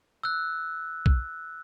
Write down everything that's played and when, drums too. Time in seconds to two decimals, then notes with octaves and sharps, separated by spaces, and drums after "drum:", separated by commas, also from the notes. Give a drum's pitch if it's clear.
0.23 E6 F#6
1.06 drum: kick B1